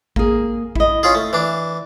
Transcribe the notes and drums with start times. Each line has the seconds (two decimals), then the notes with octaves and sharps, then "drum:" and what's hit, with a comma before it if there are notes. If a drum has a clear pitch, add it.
0.16 A#3 G#4, drum: kick A1
0.75 E4 D#5, drum: kick A1
1.03 C#4 F4 G#4
1.15 A3
1.33 E3 D4